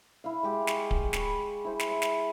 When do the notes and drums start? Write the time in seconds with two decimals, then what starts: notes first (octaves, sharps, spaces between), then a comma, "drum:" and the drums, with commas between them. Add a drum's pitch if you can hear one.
0.24 E4 F5
0.43 G#3 G4 F5
0.67 C#6, drum: snare
0.91 drum: kick D1
1.13 B5 C#6, drum: snare
1.65 E4 C5
1.79 drum: snare
1.91 E5
2.02 drum: snare